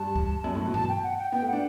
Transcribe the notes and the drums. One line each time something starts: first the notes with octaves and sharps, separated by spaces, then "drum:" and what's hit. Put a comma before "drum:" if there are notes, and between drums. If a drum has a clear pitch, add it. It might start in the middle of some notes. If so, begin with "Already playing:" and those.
Already playing: G2 A5
drum: kick C#2
F#2
A2
B2
A5, drum: tom G2
G5
F#5
G5
B3 G5
A3
D4 F#5